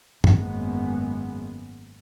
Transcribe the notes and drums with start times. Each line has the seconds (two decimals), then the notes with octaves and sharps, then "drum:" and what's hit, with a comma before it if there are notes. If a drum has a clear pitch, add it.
0.24 G#1 F#2 G#3 A#3 B3, drum: tom